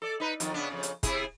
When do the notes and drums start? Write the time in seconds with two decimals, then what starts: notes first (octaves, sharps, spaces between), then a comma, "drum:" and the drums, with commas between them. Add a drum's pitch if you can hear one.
0.02 A4 D5
0.20 D#4 B4
0.40 F2 D#3, drum: hi-hat
0.54 C#3 B3 D4
0.70 F2 C#3
0.83 drum: hi-hat
1.03 C3 E4 G#4, drum: kick, hi-hat